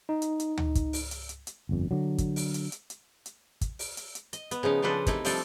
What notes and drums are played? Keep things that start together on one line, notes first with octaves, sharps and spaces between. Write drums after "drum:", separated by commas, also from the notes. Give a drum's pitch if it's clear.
D#4
drum: hi-hat
drum: hi-hat
drum: tom D2
drum: kick, hi-hat
drum: open hi-hat
drum: hi-hat
drum: hi-hat
drum: hi-hat
G1 F2
D3 F#3
drum: kick, hi-hat
drum: open hi-hat
drum: hi-hat
drum: hi-hat
drum: hi-hat
drum: hi-hat
drum: kick, hi-hat
drum: open hi-hat
drum: hi-hat
drum: hi-hat
D#5, drum: hi-hat
B3, drum: hi-hat
C#3 F3 D#4 F5
C#3 F3 D4 A4 B4 C5
C3 A3 D#4 E4, drum: kick, hi-hat
F3 G3 C4 D4 A4, drum: open hi-hat